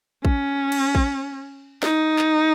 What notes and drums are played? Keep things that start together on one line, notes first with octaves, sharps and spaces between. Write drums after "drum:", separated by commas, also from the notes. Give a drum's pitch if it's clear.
C#4, drum: kick
drum: cymbal
drum: kick
D#4, drum: snare
drum: clap